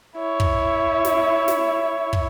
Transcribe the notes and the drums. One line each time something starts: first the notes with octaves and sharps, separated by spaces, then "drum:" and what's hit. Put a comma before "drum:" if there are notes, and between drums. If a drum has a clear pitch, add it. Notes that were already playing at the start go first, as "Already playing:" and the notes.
E4 C#5
drum: kick
drum: snare
drum: snare
drum: kick